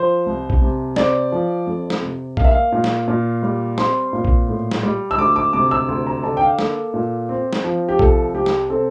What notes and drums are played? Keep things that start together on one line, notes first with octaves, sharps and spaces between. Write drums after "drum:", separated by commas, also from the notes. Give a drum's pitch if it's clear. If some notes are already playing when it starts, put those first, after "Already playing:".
Already playing: F3 C5
C2
drum: kick A#1
C3
C4 D5, drum: snare
F3
F2
drum: snare
C3
A#3 F5, drum: kick A#1
E5
F5
A#2
drum: snare
A#2
G3
C4 C6, drum: snare
A#2
drum: kick A#1
A2
drum: snare
G3
E6
D2 D6
D6
C3 D6
E6
D2
A#5
D3 A5
G5
F5
A#3 A4, drum: snare
A#2
C4
drum: snare
F3
G4
C2 A4, drum: kick A#1
C3 G4
drum: snare
C4 A4